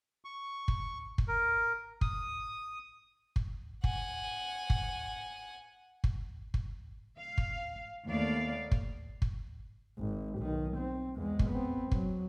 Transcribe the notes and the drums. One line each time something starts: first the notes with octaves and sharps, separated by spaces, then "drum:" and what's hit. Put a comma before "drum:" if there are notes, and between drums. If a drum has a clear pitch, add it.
C#6
drum: kick
drum: kick
A#4
D#6, drum: kick
drum: kick
F#5 G#5, drum: kick
drum: kick
drum: kick
drum: kick
F5
drum: kick
D#2 A3 B3 D5 F5
drum: kick
drum: kick
G#1
B1 D#3
C4
E2 G#3
drum: kick
B3 C4
F#3, drum: kick